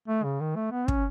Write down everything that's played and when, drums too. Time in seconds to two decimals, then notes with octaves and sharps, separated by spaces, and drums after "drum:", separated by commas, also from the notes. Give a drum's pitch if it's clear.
0.08 A3
0.24 C#3
0.40 D#3
0.56 A3
0.72 B3
0.88 C#4, drum: kick